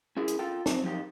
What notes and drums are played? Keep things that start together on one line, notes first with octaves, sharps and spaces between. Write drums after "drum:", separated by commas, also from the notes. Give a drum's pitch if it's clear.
C#4 E4 G#4
drum: hi-hat
F4 A4 G5
F2 F#3 C4 C5, drum: snare
F#2 F3 D#4 G4